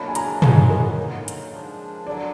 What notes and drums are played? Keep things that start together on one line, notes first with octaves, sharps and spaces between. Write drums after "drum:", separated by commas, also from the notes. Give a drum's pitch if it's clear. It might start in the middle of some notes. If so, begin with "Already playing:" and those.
Already playing: B2 F#3 A#3 D4 B5
G#5
A#5, drum: hi-hat
A#2 F#3 B3 D#4 G#5, drum: tom
A#4
D3 F#3 A#3 D#4
drum: hi-hat
F3 G#3 D4
D3 F#3 D4 D5